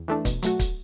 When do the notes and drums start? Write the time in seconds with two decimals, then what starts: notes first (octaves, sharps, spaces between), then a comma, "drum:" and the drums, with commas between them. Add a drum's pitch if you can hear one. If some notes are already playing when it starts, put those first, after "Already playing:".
Already playing: E2
0.08 E3 A3 D4
0.25 B2, drum: kick, hi-hat
0.43 F#3 A3 F#4, drum: hi-hat
0.59 drum: kick, hi-hat